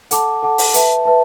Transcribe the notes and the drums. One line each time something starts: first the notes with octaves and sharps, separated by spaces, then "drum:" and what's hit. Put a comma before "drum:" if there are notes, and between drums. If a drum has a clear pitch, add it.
A4 F#5 A5 D6, drum: hi-hat
A4 F#5 A5 D6
drum: open hi-hat
B4 E5 A5, drum: hi-hat
B4 E5 A5